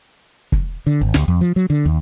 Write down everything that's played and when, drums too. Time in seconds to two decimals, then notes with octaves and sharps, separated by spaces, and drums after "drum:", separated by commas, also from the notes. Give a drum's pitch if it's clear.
0.52 drum: kick
0.87 D3
1.01 G#1
1.14 D2, drum: snare
1.28 F2
1.41 F3
1.56 F#3
1.70 D3
1.86 D#2